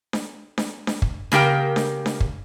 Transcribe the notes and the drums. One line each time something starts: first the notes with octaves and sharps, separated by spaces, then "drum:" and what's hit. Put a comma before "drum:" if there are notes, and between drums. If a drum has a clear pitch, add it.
drum: snare D4
drum: snare D4
drum: snare D4
drum: kick
C#3 A#3 G4 A#4 G5, drum: snare D4
drum: snare D4
drum: snare D4
drum: kick